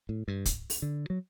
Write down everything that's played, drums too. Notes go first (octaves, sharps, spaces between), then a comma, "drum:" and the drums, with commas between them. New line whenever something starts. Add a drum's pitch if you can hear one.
A2
G2
drum: kick, hi-hat
drum: open hi-hat
D3
F#3